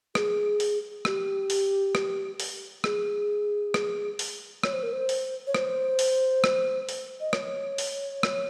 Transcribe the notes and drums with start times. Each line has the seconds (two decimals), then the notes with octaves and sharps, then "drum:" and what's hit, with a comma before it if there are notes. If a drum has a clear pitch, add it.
0.15 G#4, drum: rim click
0.60 drum: open hi-hat
1.05 G4, drum: rim click
1.50 drum: open hi-hat
1.95 drum: rim click
2.40 drum: open hi-hat
2.84 G#4, drum: rim click
3.74 drum: rim click
4.19 drum: open hi-hat
4.63 C#5, drum: rim click
4.73 C5
4.83 A#4
4.93 C5
5.09 drum: open hi-hat
5.47 C#5
5.54 C5, drum: rim click
5.99 drum: open hi-hat
6.44 drum: rim click
6.89 drum: open hi-hat
7.20 D#5
7.33 C#5, drum: rim click
7.78 drum: open hi-hat
8.23 drum: rim click